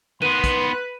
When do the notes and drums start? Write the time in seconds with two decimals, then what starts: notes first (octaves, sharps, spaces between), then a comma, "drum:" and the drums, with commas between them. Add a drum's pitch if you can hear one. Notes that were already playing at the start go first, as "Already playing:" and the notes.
0.22 D#3 B3 B4 C6 D#7
0.44 drum: kick, hi-hat